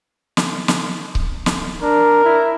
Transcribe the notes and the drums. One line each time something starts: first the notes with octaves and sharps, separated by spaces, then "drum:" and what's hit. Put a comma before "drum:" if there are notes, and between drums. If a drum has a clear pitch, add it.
drum: snare
drum: snare
drum: kick C#1
drum: snare
D4 A#4
E4